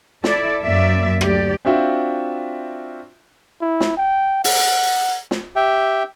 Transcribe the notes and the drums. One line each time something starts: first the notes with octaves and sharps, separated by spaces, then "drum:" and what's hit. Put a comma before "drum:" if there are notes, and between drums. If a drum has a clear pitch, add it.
E4 A4 D5 E5, drum: snare
F#2 A#3 D5 E5
D2 F#3 G4 D5, drum: rim click
C4 D4 F4 F#4 E5 G5
E4
drum: snare
G5
F#5, drum: open hi-hat
drum: snare
G4 E5 G5